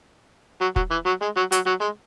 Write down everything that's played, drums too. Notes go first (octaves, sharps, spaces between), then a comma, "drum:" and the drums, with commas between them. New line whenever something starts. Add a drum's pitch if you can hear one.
F#3
F#3, drum: kick
E3
F#3
G#3
F#3
F#3, drum: hi-hat
F#3
G#3